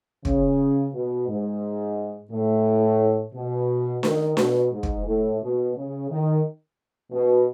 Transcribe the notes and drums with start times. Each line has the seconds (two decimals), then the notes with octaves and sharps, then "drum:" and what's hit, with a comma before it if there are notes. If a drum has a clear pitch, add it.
0.25 C#3, drum: kick
0.93 B2
1.28 G#2
2.31 A2
3.34 B2
4.03 D#3, drum: snare D4
4.37 B2, drum: snare D4
4.72 G#2
4.83 drum: kick
5.06 A2
5.41 B2
5.75 C#3
6.09 D#3
7.12 B2